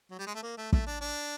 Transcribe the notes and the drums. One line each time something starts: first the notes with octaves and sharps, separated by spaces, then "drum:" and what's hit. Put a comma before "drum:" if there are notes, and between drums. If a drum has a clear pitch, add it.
F#3
G3
G#3
A3
A#3
A3
A3, drum: kick
D4
D4